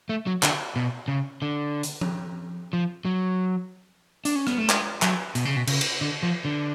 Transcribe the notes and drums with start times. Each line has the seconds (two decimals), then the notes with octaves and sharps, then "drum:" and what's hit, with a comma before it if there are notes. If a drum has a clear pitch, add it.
0.09 A3
0.27 F#3
0.43 D3, drum: clap
0.76 B2
1.08 C#3
1.42 D3
1.83 drum: hi-hat
2.01 drum: tom F3
2.73 F3
3.05 F#3
4.25 D4, drum: hi-hat
4.35 C#4
4.47 B3, drum: rim click
4.58 A3
4.70 G#3, drum: clap
5.02 F#3, drum: clap
5.35 B2, drum: hi-hat
5.45 C#3
5.56 B2
5.67 C#3, drum: cymbal
5.81 drum: cymbal
6.01 D3
6.23 F3
6.45 D3